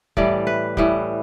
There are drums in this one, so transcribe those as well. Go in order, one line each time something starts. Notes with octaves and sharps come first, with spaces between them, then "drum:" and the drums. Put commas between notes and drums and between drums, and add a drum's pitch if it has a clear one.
A2 E3 G3 D5, drum: kick
B4
A2 E3 G3, drum: kick